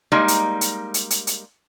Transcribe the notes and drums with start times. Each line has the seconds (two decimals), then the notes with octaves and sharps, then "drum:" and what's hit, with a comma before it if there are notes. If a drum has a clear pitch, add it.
0.12 G3 G#3 A#3 D#4
0.28 drum: hi-hat
0.61 drum: hi-hat
0.94 drum: hi-hat
1.10 drum: hi-hat
1.27 drum: hi-hat